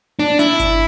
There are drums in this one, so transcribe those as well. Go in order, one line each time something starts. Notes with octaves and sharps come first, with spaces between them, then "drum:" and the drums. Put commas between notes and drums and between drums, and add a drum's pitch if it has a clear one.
D4
E4, drum: hi-hat
drum: kick G1, hi-hat